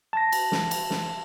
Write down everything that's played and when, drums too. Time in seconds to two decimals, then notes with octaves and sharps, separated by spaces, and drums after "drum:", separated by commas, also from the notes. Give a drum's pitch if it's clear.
0.13 A5 A#6
0.32 drum: cymbal
0.52 drum: snare
0.71 drum: cymbal
0.90 drum: snare